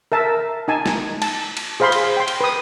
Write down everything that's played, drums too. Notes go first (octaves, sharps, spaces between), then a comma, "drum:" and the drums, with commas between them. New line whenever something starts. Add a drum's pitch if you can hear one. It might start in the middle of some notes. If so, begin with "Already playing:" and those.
A#4 E5 A5
D#4 G#5 A5
drum: snare
A5, drum: cymbal
drum: cymbal
G#4 C5 F5 B5 C6
drum: cymbal
G5 C6
drum: cymbal
B4 D#6